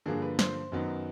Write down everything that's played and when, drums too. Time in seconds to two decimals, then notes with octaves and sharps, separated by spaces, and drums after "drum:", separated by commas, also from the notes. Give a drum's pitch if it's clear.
0.06 G2 D3 F3 A#3 G#4
0.22 B4
0.39 C5, drum: snare
0.72 F#2 D#3 F#3 B3